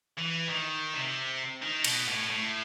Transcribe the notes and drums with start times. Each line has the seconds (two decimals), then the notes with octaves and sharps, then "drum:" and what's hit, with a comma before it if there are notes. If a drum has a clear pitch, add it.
0.18 E3
0.49 D#3
0.94 C3
1.62 D#3
1.84 B2, drum: cymbal
2.08 A2
2.30 A2